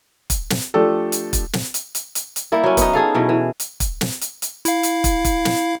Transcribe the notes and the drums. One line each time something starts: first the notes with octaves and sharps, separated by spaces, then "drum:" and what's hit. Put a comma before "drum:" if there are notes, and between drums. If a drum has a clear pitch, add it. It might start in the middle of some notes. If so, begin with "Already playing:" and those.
drum: kick, hi-hat
drum: snare
F3 A3 D4 G4 A4
drum: hi-hat
drum: kick, hi-hat
drum: snare
drum: hi-hat
drum: hi-hat
drum: hi-hat
drum: hi-hat
G3 A#3 E4
F#3 C#4
B3 D#4, drum: kick, hi-hat
G#4 A4 F5
B2 E3 F#3
E3
drum: hi-hat
drum: kick, hi-hat
drum: snare
drum: hi-hat
drum: hi-hat
E4 F5, drum: hi-hat
drum: hi-hat
drum: kick, hi-hat
drum: kick, hi-hat
drum: snare